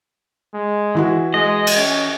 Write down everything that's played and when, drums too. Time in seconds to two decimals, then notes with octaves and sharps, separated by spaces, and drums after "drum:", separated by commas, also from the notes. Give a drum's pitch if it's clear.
0.54 G#3
0.95 E3 E4 F#4
1.34 G#3 D#5
1.67 drum: cymbal
1.77 C#4